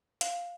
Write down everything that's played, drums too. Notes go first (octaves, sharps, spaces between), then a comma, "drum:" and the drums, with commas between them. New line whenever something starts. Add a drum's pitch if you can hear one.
F5, drum: hi-hat